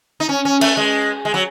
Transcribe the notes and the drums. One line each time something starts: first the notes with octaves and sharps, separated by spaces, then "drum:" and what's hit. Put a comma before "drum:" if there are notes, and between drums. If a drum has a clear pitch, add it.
D#4
C#4
C#4
A3, drum: cymbal
G#3
G#3
F#3